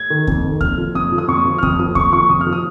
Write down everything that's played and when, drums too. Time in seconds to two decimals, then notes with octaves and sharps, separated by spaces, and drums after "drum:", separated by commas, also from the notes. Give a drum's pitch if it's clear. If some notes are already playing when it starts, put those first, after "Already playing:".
Already playing: G#6
0.10 D#3
0.27 F2, drum: kick
0.44 D#3
0.61 F2 F6, drum: kick
0.78 F3
0.95 F2 D#6
1.12 F3
1.18 D#6
1.28 F2 C#6
1.45 F3
1.58 F6
1.63 F2 D#6, drum: kick
1.79 F3 D#6
1.95 F2 C#6, drum: kick
2.13 F3 C#6
2.29 F2 D#6
2.41 F6
2.47 F3
2.53 D#6